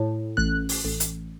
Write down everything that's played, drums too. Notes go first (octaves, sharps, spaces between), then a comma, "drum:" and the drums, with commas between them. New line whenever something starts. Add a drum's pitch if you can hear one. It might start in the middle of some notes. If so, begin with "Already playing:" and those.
Already playing: A2
A1 F#6
drum: open hi-hat
A1
drum: hi-hat